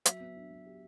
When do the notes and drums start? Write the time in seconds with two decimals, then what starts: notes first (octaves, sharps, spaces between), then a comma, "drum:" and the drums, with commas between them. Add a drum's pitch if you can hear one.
0.05 F#3 E5, drum: hi-hat
0.20 B3
0.36 D4
0.50 F#3
0.66 G4